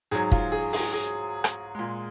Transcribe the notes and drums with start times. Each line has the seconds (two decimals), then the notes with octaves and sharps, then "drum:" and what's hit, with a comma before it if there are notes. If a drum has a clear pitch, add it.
0.11 G#2 F#3 G#4
0.31 F4, drum: kick
0.52 G#4
0.73 G#4, drum: open hi-hat
0.93 G#4
1.44 drum: rim click
1.75 A#2 G#3